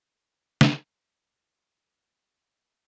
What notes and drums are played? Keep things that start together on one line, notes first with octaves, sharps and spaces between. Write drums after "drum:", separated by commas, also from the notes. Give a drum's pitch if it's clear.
drum: snare
E4 F#4 E5
D4 E5